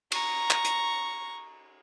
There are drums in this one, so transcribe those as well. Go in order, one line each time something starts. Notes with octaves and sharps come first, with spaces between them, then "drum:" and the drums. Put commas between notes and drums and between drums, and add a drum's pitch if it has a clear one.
A#5 C#6, drum: cymbal
drum: clap
drum: hi-hat